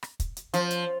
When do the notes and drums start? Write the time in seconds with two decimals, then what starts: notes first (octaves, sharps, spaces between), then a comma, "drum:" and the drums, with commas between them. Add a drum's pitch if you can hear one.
0.03 drum: rim click
0.20 drum: kick, hi-hat
0.37 drum: hi-hat
0.54 F3 C#4 C5 F#5, drum: hi-hat
0.71 drum: hi-hat